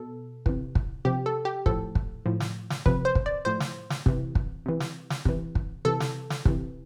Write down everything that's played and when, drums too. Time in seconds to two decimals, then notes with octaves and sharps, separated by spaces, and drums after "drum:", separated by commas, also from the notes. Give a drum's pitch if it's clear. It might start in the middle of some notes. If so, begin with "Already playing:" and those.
Already playing: B2 A4
0.46 C3 E3, drum: kick
0.75 drum: kick
1.05 C3 F3 G4
1.26 A4
1.45 G4
1.66 A2 F3 A4, drum: kick
1.95 drum: kick
2.26 A2 F3
2.40 drum: snare
2.70 drum: snare
2.86 C3 F3 B4, drum: kick
3.05 C5
3.15 drum: kick
3.26 D5
3.45 A2 F3 C5
3.60 drum: snare
3.90 drum: snare
4.06 C3 E3, drum: kick
4.35 drum: kick
4.66 C3 E3
4.80 drum: snare
5.10 drum: snare
5.25 C3 E3, drum: kick
5.55 drum: kick
5.85 C3 E3 A4
6.00 drum: snare
6.30 drum: snare
6.46 C3 E3, drum: kick